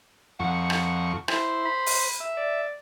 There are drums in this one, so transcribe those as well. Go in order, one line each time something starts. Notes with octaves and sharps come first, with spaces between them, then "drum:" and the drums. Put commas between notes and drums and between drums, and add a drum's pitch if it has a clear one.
F2 F#5 C#6
drum: rim click
E4 C5, drum: rim click
B5
drum: open hi-hat
E5
D5